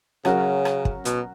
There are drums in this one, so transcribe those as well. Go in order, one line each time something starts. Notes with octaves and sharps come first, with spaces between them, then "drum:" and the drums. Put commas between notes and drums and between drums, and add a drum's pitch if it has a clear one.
C#3 F#3 C#4 F#4 A#4, drum: rim click
drum: rim click
drum: kick
B2, drum: hi-hat